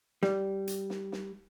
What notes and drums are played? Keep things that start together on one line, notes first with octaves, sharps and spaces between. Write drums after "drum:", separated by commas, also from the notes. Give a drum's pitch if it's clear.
G3, drum: snare
drum: hi-hat
drum: snare
drum: snare